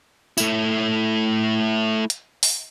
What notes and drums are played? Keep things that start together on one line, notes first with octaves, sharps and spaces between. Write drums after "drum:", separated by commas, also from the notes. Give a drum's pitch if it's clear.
A3 E4, drum: tambourine
drum: hi-hat
drum: open hi-hat